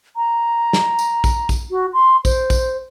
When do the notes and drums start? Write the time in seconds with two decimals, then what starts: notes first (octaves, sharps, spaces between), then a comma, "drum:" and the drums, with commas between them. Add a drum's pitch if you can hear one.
0.17 A#5
0.73 drum: snare
0.99 drum: tambourine
1.24 drum: kick A#1, tambourine
1.49 drum: kick A#1, tambourine
1.71 F#4
1.93 C6
2.25 C5, drum: kick A#1, tambourine
2.50 drum: kick A#1, tambourine